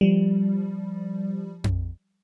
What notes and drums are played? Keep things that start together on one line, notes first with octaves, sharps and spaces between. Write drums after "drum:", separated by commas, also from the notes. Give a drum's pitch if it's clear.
F3 G3
drum: tom F2